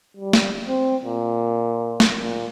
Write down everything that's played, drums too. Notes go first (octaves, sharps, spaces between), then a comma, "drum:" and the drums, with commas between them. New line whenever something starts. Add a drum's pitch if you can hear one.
G3
drum: snare
C4
A#2
drum: snare
A#2